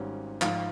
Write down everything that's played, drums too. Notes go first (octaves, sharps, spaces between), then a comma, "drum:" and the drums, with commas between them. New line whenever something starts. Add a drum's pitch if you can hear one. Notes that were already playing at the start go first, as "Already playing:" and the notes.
Already playing: G#1 G#2 G3 C#4
G#2 F3 F4, drum: clap